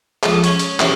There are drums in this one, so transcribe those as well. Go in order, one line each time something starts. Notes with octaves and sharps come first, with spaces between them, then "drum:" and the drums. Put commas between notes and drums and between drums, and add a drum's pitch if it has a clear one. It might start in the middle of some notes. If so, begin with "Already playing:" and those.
C#2 F3 G#3 A4, drum: clap
C#4 G#5 C#6, drum: hi-hat
drum: hi-hat
C#3 E3 G3 C#4 E4, drum: clap